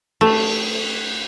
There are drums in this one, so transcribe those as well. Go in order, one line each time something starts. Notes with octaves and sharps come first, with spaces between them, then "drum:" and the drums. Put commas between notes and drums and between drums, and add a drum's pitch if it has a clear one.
A3, drum: cymbal